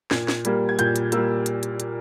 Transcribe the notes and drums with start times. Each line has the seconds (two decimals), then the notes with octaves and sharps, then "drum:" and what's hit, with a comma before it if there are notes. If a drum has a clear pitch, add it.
0.11 A#2 G#6, drum: snare
0.28 drum: snare
0.45 G3 A#3, drum: hi-hat
0.69 G#6
0.79 A#2 G6, drum: hi-hat
0.96 drum: hi-hat
1.12 G3 A#3 E6, drum: hi-hat
1.46 drum: hi-hat
1.63 drum: hi-hat
1.80 drum: hi-hat